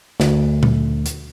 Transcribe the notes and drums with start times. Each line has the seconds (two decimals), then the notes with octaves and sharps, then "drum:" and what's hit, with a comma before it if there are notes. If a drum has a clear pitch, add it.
0.20 D2, drum: snare
0.63 drum: tom A#2
1.06 drum: hi-hat